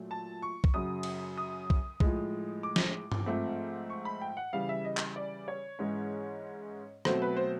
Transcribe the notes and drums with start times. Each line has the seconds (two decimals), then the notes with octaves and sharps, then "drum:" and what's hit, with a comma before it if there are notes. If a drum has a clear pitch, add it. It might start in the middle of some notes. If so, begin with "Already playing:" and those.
Already playing: A#2 F#3 A3
0.11 A5
0.42 C#6
0.64 drum: kick
0.74 F#2 C#3 F#3 D#6
1.03 drum: cymbal
1.38 D#6
1.70 drum: kick
2.00 A2 F3 G#3, drum: kick
2.63 D6
2.76 drum: snare
3.12 drum: tom G2
3.26 G#2 F3 A3 C4
3.90 C#6
4.05 B5
4.21 G5
4.37 F#5
4.53 C#3 E3 G3 F5
4.69 E5
4.85 D#5
4.97 drum: clap
5.16 D5
5.48 C#5
5.79 G#2 E3 G#3 C#4
7.05 B2 F#3 A3 C4 C5, drum: rim click
7.22 B4
7.36 C5